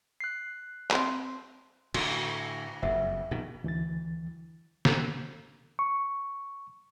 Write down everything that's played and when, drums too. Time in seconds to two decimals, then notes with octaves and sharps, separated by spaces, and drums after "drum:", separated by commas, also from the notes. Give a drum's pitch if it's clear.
0.20 F#6 C7
0.91 C4, drum: clap
1.94 A2 D3 F#4, drum: cymbal
2.82 F#1 F2 E5 F#5
3.31 A#1 B2 D#3
3.64 D2 E3 A6
4.85 drum: snare
5.79 C#6